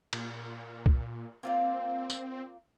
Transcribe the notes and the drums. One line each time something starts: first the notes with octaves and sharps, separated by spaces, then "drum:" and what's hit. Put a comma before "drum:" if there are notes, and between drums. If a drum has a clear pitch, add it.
A#2, drum: cymbal
drum: kick C2
A#3 C4 F4 D5
drum: tambourine